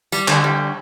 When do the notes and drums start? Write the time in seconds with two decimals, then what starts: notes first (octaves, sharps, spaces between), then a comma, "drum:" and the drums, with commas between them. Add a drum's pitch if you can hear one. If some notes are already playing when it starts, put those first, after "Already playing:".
0.12 G3, drum: tambourine
0.28 D3, drum: clap
0.44 G3